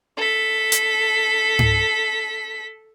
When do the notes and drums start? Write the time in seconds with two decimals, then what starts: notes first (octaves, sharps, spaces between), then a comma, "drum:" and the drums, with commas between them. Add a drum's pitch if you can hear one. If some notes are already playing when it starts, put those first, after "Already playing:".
0.17 A4 B6
0.72 drum: hi-hat
1.59 drum: tom G#2